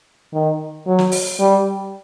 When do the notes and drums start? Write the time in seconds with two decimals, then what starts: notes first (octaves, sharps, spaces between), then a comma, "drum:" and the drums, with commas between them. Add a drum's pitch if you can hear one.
0.33 D#3
0.86 F#3
0.99 drum: snare
1.12 drum: open hi-hat
1.40 G3